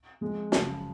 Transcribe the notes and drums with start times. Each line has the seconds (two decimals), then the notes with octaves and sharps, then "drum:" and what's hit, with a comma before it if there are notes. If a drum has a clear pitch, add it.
0.21 F2 F3 G#3
0.52 F#2 C#3 F3, drum: snare